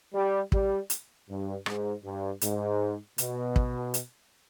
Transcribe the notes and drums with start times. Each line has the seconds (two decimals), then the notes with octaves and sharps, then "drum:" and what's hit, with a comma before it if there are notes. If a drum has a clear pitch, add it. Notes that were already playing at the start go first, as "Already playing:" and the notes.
0.13 G3
0.52 G3, drum: kick
0.90 drum: hi-hat
1.28 G2
1.66 G#2, drum: rim click
2.04 G2
2.41 G#2, drum: hi-hat
3.18 B2, drum: hi-hat
3.56 drum: kick
3.94 drum: hi-hat